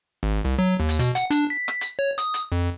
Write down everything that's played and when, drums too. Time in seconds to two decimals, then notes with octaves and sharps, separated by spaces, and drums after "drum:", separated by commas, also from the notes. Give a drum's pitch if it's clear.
0.23 G#1
0.45 C2
0.59 F#3
0.80 D#2
0.89 drum: hi-hat
0.99 B2, drum: hi-hat
1.15 F#5, drum: hi-hat
1.31 D4, drum: hi-hat
1.50 B6
1.68 drum: rim click
1.81 drum: hi-hat
1.99 C#5
2.18 D#6, drum: hi-hat
2.34 drum: hi-hat
2.52 F2